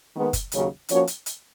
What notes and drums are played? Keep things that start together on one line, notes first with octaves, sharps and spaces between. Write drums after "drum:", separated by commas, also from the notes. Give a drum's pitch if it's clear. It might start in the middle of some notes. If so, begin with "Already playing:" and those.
D#3 G#3 B3
drum: kick F#1, hi-hat
D#2 C#3 F#3 C#4, drum: hi-hat
F3 A#3 C#4 F#4 C#5, drum: hi-hat
drum: hi-hat
drum: hi-hat